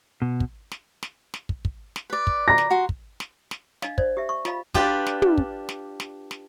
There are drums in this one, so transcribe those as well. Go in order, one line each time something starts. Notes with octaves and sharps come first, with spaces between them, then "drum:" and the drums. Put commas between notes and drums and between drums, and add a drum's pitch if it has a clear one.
B2
drum: kick
drum: snare
drum: snare
drum: snare
drum: kick
drum: kick
drum: snare
B4 D5
drum: kick
A#5 A#6
drum: snare
F#4 C6
drum: kick
drum: snare
drum: snare
D4 D#5 F5, drum: snare
C5 D5, drum: kick
G4 E5
C#6
F4 D#5 F5 B5, drum: snare
D4 F4 G4 B4 D5, drum: kick
drum: snare
drum: tom
drum: kick
drum: snare
drum: snare
drum: snare